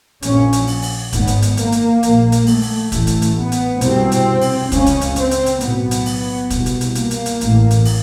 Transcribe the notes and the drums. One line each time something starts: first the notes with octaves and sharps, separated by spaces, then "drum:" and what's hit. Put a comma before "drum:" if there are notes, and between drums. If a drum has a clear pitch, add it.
A#1 A#2 C#4, drum: hi-hat
drum: hi-hat
drum: open hi-hat
drum: open hi-hat
G#1 G#2 B3, drum: kick, hi-hat
drum: hi-hat
drum: hi-hat
A#3, drum: hi-hat
drum: hi-hat
A#1 A#2, drum: hi-hat
drum: hi-hat
A3, drum: open hi-hat
drum: open hi-hat
A1 A2, drum: kick, hi-hat
drum: hi-hat
drum: hi-hat
B3
drum: hi-hat
C2 B2 C4, drum: hi-hat
drum: hi-hat
drum: open hi-hat
C#2 C#3 C#4, drum: kick, hi-hat
drum: hi-hat
drum: hi-hat
C4, drum: hi-hat
drum: hi-hat
drum: hi-hat
B1 A2 B3, drum: hi-hat
drum: hi-hat
drum: open hi-hat
C2 B2, drum: kick, hi-hat
drum: hi-hat
drum: hi-hat
A#3, drum: hi-hat
drum: hi-hat
drum: hi-hat
A1 A2, drum: hi-hat
drum: hi-hat
drum: open hi-hat